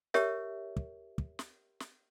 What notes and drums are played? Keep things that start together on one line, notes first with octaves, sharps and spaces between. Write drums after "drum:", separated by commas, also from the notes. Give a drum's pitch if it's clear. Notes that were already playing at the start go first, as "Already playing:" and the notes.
G4 A#4 C#5 E5, drum: snare
drum: kick
drum: kick
drum: snare
drum: snare